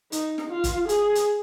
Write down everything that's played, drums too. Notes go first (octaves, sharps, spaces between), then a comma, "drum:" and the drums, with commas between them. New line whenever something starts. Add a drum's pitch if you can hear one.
D#4, drum: hi-hat
drum: snare
F4
drum: kick, hi-hat
G#4, drum: hi-hat
drum: hi-hat